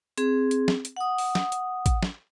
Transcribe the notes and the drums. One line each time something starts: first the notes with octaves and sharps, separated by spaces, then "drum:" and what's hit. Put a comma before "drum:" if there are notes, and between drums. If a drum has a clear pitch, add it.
C4 G#4, drum: hi-hat
drum: hi-hat
drum: snare
drum: hi-hat
F#5 D#6
drum: open hi-hat
drum: snare
drum: hi-hat
drum: kick, hi-hat
drum: snare